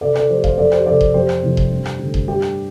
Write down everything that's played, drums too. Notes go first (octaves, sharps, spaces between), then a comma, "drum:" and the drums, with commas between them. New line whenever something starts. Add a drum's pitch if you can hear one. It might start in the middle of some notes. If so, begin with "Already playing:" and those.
C3 A4 D5
A4 D5, drum: rim click
F3 A3 G4 C5
C5 F5, drum: kick D#1
F2 A4 D5
G4 C5, drum: rim click
C3 F3 A4 D5
drum: kick D#1
F2 G4 C5
drum: rim click
C3 F3 A3
drum: kick D#1
G2
drum: rim click
D3 A3
drum: kick D#1
G2 G4
drum: rim click